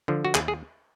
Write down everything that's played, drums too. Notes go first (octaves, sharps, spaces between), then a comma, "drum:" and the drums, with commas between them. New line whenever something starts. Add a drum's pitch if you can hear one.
D3 F3
F#4
D#2 G#4, drum: clap
G#4